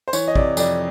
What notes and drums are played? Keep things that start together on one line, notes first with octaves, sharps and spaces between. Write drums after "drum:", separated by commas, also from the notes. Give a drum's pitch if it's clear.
C5
E3 C#5, drum: tambourine
D#5
C3 D5, drum: kick
F2 D5, drum: tambourine